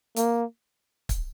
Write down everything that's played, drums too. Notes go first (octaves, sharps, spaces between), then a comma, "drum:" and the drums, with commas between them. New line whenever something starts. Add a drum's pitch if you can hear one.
A#3, drum: hi-hat
drum: kick, hi-hat